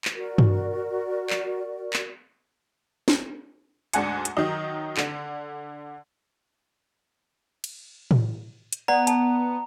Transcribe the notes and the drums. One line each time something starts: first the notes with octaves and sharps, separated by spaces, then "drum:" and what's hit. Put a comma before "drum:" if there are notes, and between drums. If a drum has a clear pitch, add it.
drum: clap
F#4 A#4 D5
drum: tom G2
drum: clap
drum: clap
drum: snare
D2 G#2 D4 F#5 G#5 C#7, drum: hi-hat
drum: hi-hat
D#3 F#3 D#4
D3, drum: clap
drum: cymbal
drum: tom A2
drum: hi-hat
B3 D5 F#5 A#5
A5, drum: hi-hat